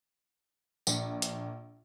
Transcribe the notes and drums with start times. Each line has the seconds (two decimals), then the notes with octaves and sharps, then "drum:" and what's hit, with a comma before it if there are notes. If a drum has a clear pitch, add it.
0.87 A#1, drum: tambourine
1.22 drum: hi-hat